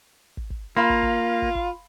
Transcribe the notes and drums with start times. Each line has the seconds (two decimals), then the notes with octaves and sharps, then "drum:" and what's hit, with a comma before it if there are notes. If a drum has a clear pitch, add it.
0.37 drum: kick
0.50 drum: kick
0.77 A#3 F4 F5 B5 C6
0.90 drum: kick
1.03 drum: kick
1.42 drum: kick
1.55 drum: kick